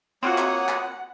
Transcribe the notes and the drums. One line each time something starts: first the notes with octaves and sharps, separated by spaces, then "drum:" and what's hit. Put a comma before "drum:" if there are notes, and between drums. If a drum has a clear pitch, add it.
A#3 C4 F4 F#4 C#5 F#5 D#6
drum: clap
drum: clap